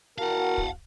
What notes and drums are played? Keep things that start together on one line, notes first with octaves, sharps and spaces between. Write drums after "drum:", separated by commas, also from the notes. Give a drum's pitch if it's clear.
E2 F#4 A#4 F5 F#5 A5
drum: kick